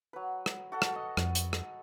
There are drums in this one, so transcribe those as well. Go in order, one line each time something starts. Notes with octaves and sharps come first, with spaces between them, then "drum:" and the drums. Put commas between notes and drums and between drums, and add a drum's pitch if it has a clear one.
F#3 B4
drum: rim click
F#4 A4 F#5
drum: rim click
D#5
F2, drum: rim click
drum: hi-hat
drum: rim click